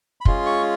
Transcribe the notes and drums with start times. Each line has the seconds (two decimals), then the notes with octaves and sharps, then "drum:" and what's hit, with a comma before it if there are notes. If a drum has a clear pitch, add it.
0.21 B5
0.25 G#3 C#4 F4 G#4 C6, drum: kick
0.46 C#6